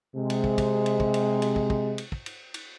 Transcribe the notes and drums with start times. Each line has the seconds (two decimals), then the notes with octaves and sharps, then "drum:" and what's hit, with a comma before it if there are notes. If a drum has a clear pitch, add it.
0.16 C3 G#3
0.30 drum: cymbal
0.44 drum: kick
0.58 drum: kick, cymbal
0.86 drum: cymbal
1.00 drum: kick
1.14 drum: cymbal
1.42 drum: cymbal
1.56 drum: kick
1.70 drum: kick
1.98 drum: cymbal
2.12 drum: kick
2.26 drum: cymbal
2.54 drum: cymbal